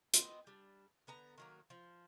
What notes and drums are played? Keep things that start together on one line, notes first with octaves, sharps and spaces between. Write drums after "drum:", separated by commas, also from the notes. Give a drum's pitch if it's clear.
B3 C4 D#5, drum: hi-hat
G3 D4
D3 B3 A#5
D#3 F#3 A#3
F3